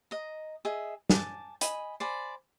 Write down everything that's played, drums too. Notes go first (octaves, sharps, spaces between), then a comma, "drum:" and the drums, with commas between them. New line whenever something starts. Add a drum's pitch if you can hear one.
D#5 A#5
G#4 D#5 E5
G#5 A5 D6, drum: snare
D#5 G#5 B5, drum: hi-hat
C5 D5 G#5 B5